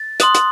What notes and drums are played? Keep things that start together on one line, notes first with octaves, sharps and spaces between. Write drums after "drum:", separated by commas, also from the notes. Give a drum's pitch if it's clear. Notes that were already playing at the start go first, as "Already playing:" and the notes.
Already playing: A6
C6 D#6 F#6, drum: hi-hat
drum: hi-hat